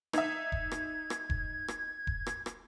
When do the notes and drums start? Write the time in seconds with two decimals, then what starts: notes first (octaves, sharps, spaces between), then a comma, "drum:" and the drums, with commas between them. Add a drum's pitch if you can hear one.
0.13 D#4 E5 G#6, drum: rim click
0.52 drum: kick E1
0.71 drum: rim click
1.10 drum: rim click
1.30 drum: kick E1
1.68 drum: rim click
2.07 drum: kick E1
2.27 drum: rim click
2.46 drum: rim click